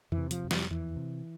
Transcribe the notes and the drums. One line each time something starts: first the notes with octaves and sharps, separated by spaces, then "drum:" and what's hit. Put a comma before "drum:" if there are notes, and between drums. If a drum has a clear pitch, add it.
E3, drum: tom E2
C3
F3, drum: hi-hat
F2
G3, drum: snare
E2 E3
C3